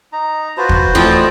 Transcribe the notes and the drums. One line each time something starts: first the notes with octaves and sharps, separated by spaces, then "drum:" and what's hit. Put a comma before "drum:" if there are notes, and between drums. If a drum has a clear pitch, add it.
D#4 A#5
F4 F#4 B4 C5 A5
drum: kick
E3 F3 A3 C4 E4 D5 D#5